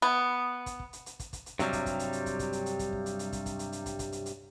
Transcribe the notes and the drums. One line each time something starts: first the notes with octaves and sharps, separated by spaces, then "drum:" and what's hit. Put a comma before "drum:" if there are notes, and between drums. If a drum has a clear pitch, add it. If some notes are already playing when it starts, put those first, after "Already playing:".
B3
drum: kick, hi-hat
drum: kick
drum: hi-hat
drum: hi-hat
drum: kick, hi-hat
drum: kick, hi-hat
drum: hi-hat
G2 C3 F#3 G3, drum: hi-hat
drum: kick, hi-hat
drum: kick, hi-hat
drum: hi-hat
drum: hi-hat
drum: kick, hi-hat
drum: kick, hi-hat
drum: hi-hat
drum: hi-hat
drum: kick, hi-hat
drum: kick
drum: hi-hat
drum: hi-hat
drum: kick, hi-hat
drum: kick, hi-hat
drum: hi-hat
drum: hi-hat
drum: kick, hi-hat
drum: kick, hi-hat
drum: hi-hat
drum: hi-hat